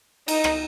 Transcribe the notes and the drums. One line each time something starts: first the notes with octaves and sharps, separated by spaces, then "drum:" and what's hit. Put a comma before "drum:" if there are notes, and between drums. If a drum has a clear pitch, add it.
D#4, drum: cymbal
drum: rim click